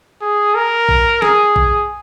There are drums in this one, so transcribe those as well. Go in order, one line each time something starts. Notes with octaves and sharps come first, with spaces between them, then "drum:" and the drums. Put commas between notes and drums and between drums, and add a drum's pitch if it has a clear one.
G#4
A#4
drum: kick A#1
G#4, drum: snare
drum: kick A#1